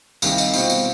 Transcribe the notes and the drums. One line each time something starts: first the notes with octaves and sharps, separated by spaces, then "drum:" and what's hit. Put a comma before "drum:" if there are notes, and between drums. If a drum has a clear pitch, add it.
C2 C3 D#3 G3 F5, drum: tambourine
D#5, drum: tambourine
B2 G3 C4 F4 C5 F5, drum: tambourine
drum: tambourine